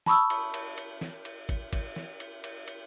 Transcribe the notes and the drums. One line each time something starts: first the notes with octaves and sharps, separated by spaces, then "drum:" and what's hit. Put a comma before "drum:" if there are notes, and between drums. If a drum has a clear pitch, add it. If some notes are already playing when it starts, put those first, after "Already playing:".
A5 B5 C#6 D#6 E6, drum: snare
drum: cymbal
drum: cymbal
drum: cymbal
drum: snare
drum: cymbal
drum: kick, cymbal
drum: kick, cymbal
drum: snare
drum: cymbal
drum: cymbal
drum: cymbal